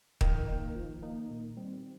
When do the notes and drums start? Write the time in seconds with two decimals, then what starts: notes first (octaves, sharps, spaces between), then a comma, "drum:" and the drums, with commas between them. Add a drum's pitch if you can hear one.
0.21 D#3 F3, drum: kick
0.48 A#3 D#4
0.75 F3
1.02 A#3 D#4
1.30 A#2
1.57 G3 C4